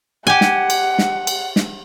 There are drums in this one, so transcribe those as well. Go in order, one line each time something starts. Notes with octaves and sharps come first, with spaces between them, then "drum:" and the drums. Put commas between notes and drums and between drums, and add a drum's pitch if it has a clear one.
G4 F#5 G#5
drum: snare
drum: cymbal
drum: snare
drum: cymbal
drum: snare